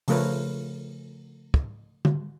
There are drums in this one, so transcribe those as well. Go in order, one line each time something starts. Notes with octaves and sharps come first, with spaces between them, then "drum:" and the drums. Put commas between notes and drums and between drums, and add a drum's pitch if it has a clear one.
C#3 F3 A3 A#4 B4 C#5, drum: open hi-hat
drum: kick
drum: tom